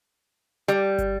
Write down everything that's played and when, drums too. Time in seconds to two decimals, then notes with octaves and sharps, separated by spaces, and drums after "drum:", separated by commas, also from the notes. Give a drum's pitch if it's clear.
0.68 G3, drum: hi-hat
0.98 drum: kick, hi-hat